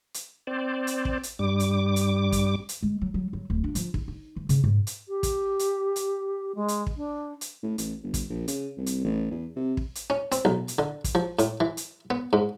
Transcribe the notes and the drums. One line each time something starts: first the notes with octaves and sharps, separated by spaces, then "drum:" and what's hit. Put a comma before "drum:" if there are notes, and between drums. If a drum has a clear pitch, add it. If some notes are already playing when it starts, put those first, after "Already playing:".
drum: hi-hat
C4 C5 D5
drum: hi-hat
drum: kick
drum: hi-hat
G2 G3 D6
drum: hi-hat
drum: hi-hat
drum: kick, hi-hat
drum: hi-hat
G#3
F#3
F#3
F#3
D1
D4
F3, drum: hi-hat
D#4, drum: kick
D#4
E3
C#3, drum: hi-hat
G#2
drum: hi-hat
G4
drum: kick, hi-hat
drum: hi-hat
drum: hi-hat
G#3
drum: hi-hat
drum: kick
D4
drum: hi-hat
A2
A1, drum: hi-hat
G1
drum: kick, hi-hat
A#1
C#3, drum: hi-hat
C2
drum: hi-hat
A1
E2
C3
drum: kick
drum: hi-hat
C#4
C4, drum: hi-hat
B1
drum: hi-hat
D3
drum: kick, hi-hat
F3
A2, drum: hi-hat
E3
drum: hi-hat
B3
G#2